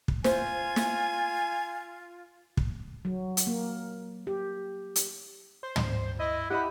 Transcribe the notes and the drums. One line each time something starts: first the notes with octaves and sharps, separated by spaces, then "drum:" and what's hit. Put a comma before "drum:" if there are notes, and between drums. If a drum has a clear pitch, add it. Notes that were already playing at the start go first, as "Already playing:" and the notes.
drum: kick
F4 C5 G#5, drum: snare
drum: snare
drum: kick
F#3
drum: hi-hat
A#3
G4
drum: hi-hat
C5
drum: tom
E4 D#5
E4 G4 D#5 F#5 B5